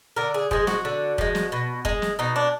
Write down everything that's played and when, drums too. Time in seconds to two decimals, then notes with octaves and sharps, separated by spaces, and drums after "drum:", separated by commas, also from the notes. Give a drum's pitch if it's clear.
0.16 D3 A#4
0.34 G#4
0.51 F3 G#3 G#4, drum: kick
0.67 F#4, drum: snare
0.85 D3
1.18 F3 G#3, drum: kick
1.35 drum: snare
1.52 B2
1.85 G#3, drum: kick
2.02 drum: snare
2.19 B2 D#4
2.36 D4